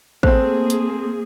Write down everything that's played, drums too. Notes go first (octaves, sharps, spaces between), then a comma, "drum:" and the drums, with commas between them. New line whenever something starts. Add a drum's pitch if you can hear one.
A3 A#3 C4 G#4 C5, drum: kick
drum: hi-hat